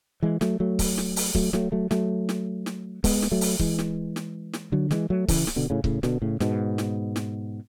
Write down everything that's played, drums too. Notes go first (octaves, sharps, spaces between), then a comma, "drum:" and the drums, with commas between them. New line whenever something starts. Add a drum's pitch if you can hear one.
E3 G#3
F#3 A3, drum: snare
F#3 A3
drum: kick C#1, open hi-hat
drum: snare
drum: open hi-hat
F#3 A3, drum: kick C#1
F#3 A3, drum: snare
F#3 A3
F#3 A3, drum: snare
drum: snare
drum: snare
G#3 B3, drum: kick C#1, open hi-hat
drum: snare
F#3 A3
drum: open hi-hat
E3 G#3, drum: kick C#1
drum: snare
drum: snare
drum: snare
D3 F#3
E3 G#3, drum: snare
F#3 A3
C#3 E3, drum: kick C#1, open hi-hat
drum: snare
B2 D3
A2 C#3
A2 C#3, drum: kick C#1
B2 D3, drum: snare
A2 C#3
G#2 B2, drum: snare
drum: snare
drum: snare